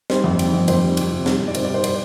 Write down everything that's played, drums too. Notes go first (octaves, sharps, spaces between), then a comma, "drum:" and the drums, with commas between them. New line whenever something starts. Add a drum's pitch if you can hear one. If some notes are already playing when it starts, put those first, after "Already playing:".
G3 C5, drum: snare
F2
G3, drum: cymbal
F2
F2 C5, drum: cymbal
G3
G3, drum: cymbal
C3
G3, drum: snare
B2
D5
G3 C5, drum: cymbal
D5
G3 C5
G3 C5, drum: cymbal